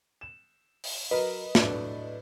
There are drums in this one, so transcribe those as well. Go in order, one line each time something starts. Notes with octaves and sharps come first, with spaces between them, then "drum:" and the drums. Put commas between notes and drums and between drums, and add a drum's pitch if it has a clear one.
E7
drum: open hi-hat
F#3 A#4 B4 D#5
A2 F#3 D4, drum: snare